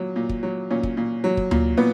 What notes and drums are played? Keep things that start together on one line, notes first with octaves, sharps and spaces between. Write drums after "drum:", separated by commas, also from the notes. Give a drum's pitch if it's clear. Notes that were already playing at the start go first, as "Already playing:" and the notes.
Already playing: A#2 F#3
A#2
drum: kick
F#3
A#2 C#4
drum: kick
A#2
F#3
drum: kick
A#2, drum: tom D2
A#2 B3